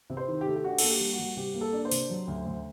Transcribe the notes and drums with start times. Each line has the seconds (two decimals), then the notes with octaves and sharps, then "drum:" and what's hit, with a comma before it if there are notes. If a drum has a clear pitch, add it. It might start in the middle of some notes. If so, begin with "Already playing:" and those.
0.10 C3
0.17 C5
0.28 D#3
0.41 G4
0.46 A3
0.56 G4
0.64 D4 F#4
0.78 A#3 A4, drum: cymbal
0.89 G4
1.00 G3
1.13 F#4
1.19 G3
1.37 C3 G4
1.54 A#3
1.61 A4
1.73 D4
1.85 C5
1.91 C3, drum: open hi-hat
2.10 F#3
2.27 D2
2.46 D2